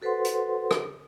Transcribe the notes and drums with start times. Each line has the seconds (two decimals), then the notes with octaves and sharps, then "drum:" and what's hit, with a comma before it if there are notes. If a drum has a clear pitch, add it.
0.02 F#4 A4 B4 C5 F#5 C6
0.25 drum: hi-hat
0.71 drum: rim click